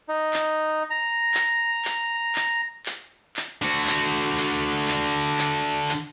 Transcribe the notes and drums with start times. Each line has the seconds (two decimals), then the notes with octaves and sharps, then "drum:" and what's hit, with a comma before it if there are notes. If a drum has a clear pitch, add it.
0.09 D#4
0.33 drum: clap
0.90 A#5
1.34 drum: clap
1.85 drum: clap
2.35 drum: clap
2.86 drum: clap
3.36 drum: clap
3.62 D3 F#4
3.87 drum: clap
4.37 drum: clap
4.88 drum: clap
5.38 drum: clap
5.89 drum: clap